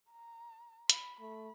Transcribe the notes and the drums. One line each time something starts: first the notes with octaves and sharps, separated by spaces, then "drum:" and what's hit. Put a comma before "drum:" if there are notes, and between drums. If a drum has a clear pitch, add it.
A#5
B5, drum: hi-hat
A3 B5